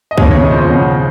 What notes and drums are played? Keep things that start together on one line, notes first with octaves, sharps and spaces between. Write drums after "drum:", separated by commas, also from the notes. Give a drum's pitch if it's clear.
D#5
D#2 C#5, drum: kick
C#5
C#3
D#5
F3 C5
C#5
C#3 F#5